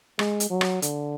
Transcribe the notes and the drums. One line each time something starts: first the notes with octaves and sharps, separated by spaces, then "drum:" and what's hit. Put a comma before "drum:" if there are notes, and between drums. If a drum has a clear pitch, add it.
G#3, drum: rim click
drum: hi-hat
F#3
drum: rim click
D3, drum: hi-hat